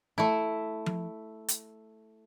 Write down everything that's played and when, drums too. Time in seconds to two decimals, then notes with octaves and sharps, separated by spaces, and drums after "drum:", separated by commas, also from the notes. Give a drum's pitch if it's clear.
0.18 A3 E4
0.86 drum: tom F3
1.48 drum: hi-hat